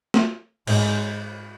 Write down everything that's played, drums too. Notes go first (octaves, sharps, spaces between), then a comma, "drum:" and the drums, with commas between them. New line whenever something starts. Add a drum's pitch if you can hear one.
drum: snare
G#2, drum: cymbal